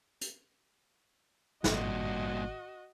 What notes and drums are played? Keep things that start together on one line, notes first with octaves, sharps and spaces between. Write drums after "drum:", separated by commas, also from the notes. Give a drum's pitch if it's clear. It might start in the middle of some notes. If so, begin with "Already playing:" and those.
drum: hi-hat
G#1 G2 A#2 F#4 D#5, drum: snare